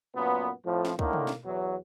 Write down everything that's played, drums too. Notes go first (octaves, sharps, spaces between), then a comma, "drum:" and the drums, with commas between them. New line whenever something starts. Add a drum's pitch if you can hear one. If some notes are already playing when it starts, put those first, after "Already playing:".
F#2 A#2 B3
F2 A2 F3
drum: snare
A2 D3 D#3 A#3, drum: kick C#2
drum: tom
drum: snare
E2 F#3